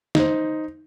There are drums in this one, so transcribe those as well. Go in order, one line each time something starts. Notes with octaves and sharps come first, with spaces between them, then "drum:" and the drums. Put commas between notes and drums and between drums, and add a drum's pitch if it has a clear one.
D#4 C5, drum: snare